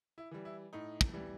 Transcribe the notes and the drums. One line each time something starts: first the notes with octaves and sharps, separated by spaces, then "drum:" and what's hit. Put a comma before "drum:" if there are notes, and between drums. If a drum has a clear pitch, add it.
E4
E3 G3
E4
A2 D#4
drum: kick
E3 G3